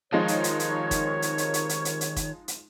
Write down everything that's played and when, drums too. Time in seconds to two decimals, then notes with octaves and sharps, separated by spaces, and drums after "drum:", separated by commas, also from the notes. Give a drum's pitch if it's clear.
0.12 C3 D#3 F3 G#3 D#4 A#4 C#5
0.28 drum: hi-hat
0.44 drum: hi-hat
0.60 drum: hi-hat
0.91 drum: kick, hi-hat
1.22 drum: hi-hat
1.38 drum: hi-hat
1.54 drum: hi-hat
1.69 drum: hi-hat
1.85 drum: hi-hat
2.01 drum: hi-hat
2.16 drum: kick, hi-hat
2.48 drum: hi-hat